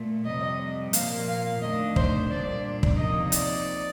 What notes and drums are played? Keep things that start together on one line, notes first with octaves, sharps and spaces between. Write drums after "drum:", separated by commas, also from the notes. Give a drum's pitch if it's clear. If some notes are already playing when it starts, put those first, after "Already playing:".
Already playing: A#2 A3
F2 C3 G3 D#5
A#2 F3 A#3 F5, drum: hi-hat
F5
F2 D#3 A3 D4 D#5
C5, drum: kick
A#2 G3 D4 D5
drum: kick
C3 F3 A#3 D#4 D#5
D5, drum: hi-hat